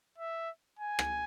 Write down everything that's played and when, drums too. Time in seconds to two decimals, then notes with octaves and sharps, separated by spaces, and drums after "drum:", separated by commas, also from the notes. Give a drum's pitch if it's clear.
0.18 E5
0.79 G#5
0.99 drum: rim click